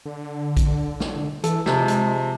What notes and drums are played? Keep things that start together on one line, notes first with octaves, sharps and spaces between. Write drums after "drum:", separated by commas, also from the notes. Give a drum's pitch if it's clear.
D3
drum: kick A#1, hi-hat
drum: snare
E3 A4, drum: hi-hat
C3 F3 G#3, drum: snare
drum: hi-hat